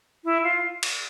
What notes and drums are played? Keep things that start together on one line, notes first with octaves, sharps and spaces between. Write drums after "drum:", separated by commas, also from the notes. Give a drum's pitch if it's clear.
E4
F4
drum: cymbal